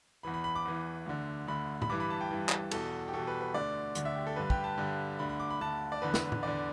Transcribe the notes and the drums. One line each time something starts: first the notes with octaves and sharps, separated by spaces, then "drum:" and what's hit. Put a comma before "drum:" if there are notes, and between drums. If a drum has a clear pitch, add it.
E2 E3 B5
B5
B5
D6
E2 E3
D2 D3
D2 D3 B5
B5, drum: tom A2
G2 E3 D6
B5
A5
G5
G2 E3
drum: clap
E2 B2 A4, drum: cymbal
G4
E2 B2 A4
B4
B4
D2 D3 D5
D2 D3, drum: hi-hat
E5
G4
A4
G2 D3 B4
G4, drum: kick
A5
G2 D3
D2 D3 B5
B5
D6
B5
D2 D3 A5
D5
E2 D3 B4
drum: snare
drum: tom A2
E2 D3 D5